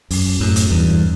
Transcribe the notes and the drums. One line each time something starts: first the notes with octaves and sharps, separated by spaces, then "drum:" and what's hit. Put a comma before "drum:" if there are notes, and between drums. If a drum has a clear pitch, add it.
F#2, drum: open hi-hat
F#2 A2
drum: hi-hat
E2 G2